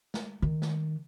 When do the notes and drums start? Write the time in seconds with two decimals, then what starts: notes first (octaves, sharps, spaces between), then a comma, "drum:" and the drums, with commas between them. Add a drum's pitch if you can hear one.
0.14 drum: snare
0.42 D#3
0.62 drum: snare